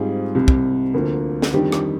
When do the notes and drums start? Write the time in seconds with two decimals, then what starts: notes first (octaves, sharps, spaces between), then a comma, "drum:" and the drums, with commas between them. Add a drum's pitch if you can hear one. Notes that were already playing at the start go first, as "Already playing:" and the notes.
Already playing: G#2 G3 C4 F4 G#4
0.35 C2 C3 G3
0.48 drum: kick
0.94 D2 D3 F3 A#3
1.42 drum: snare
1.53 F2 D#3 G3 D4 G4
1.72 drum: rim click